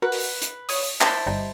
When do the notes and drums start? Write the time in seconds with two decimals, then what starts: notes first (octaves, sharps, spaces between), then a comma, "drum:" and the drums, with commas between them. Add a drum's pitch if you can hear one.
0.02 F#4 A#4 B4 F#5
0.12 drum: open hi-hat
0.42 drum: hi-hat
0.69 C#5 D#6, drum: open hi-hat
1.01 E4 C5 A5, drum: clap
1.26 G1 G3 D#4